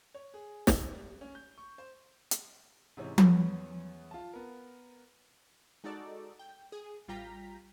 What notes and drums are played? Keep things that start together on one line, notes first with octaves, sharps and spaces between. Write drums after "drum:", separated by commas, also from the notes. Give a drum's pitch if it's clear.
C#5
G#4
E6, drum: snare
G3
C#4
G6
C#6
C5
drum: hi-hat
G#2 C3 E3 C#4
E2 B3 C#4, drum: tom F3
F4 A5
B3 A#4
G#3 D#4 F#4 A4 D5
G5
G#4
A1 G3 F4 G5 A#5 B6